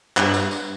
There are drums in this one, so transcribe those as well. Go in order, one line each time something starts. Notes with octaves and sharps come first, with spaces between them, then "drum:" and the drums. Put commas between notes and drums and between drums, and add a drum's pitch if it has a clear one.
G2, drum: clap
drum: tambourine
drum: tambourine